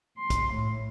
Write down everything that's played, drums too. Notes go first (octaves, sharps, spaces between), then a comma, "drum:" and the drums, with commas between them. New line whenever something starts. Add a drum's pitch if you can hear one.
C6
drum: kick, hi-hat
A2